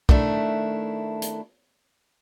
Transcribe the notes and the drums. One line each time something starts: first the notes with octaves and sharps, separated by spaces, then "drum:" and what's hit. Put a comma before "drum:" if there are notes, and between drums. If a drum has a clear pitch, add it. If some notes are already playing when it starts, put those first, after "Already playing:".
D#3 A3 D4 E4, drum: kick
drum: hi-hat